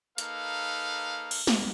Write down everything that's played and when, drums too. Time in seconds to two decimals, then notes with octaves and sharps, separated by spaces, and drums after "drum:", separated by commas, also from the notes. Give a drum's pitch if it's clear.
0.18 A#3 D#4 A4 B4 F5, drum: hi-hat
1.31 drum: cymbal
1.47 drum: snare